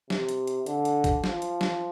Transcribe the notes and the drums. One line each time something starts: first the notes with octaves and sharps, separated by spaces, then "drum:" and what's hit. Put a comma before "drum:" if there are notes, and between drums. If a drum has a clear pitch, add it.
C3, drum: snare
drum: hi-hat
drum: hi-hat
D3, drum: hi-hat
drum: hi-hat
drum: kick, hi-hat
F3, drum: snare
drum: hi-hat
drum: snare